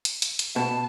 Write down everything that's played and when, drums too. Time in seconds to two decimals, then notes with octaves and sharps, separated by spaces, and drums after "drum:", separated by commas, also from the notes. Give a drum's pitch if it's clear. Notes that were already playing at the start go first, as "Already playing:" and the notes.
0.05 drum: hi-hat
0.22 drum: hi-hat
0.39 drum: hi-hat
0.56 B2 A5